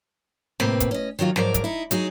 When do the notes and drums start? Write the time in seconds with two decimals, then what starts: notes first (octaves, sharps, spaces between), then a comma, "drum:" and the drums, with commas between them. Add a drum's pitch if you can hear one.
0.60 A2 C3 A#3 C4 B4, drum: snare
0.80 drum: kick, hi-hat
0.91 C#4 D#5
1.19 D#3 F#3 A#3 F4
1.36 G#2 F3 F#3 A#4 D5, drum: snare
1.54 drum: kick, hi-hat
1.64 D#4 E4
1.91 F#3 D#4 G#4, drum: hi-hat